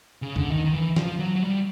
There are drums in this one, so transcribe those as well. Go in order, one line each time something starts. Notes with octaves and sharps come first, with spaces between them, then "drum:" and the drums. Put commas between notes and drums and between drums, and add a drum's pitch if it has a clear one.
C#3
D3, drum: kick C#2
D#3
D#3
E3
F3, drum: snare
F#3
F#3
G3